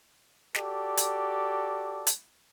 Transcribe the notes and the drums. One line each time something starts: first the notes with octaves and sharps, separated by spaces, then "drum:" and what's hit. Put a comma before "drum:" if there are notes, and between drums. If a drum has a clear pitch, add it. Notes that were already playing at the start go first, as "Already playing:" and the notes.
F#4 G4 A4 D5, drum: snare
drum: hi-hat
drum: hi-hat